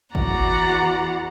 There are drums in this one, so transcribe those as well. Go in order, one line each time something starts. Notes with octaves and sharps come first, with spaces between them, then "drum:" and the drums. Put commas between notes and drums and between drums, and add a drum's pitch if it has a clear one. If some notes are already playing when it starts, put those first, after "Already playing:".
E2 E3 F#4 D5 F#5 A#5, drum: kick